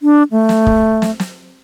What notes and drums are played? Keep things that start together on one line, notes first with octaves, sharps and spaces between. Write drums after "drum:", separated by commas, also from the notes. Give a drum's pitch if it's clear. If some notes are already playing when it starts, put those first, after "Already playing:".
D4
A3
drum: snare
drum: kick
drum: snare
drum: snare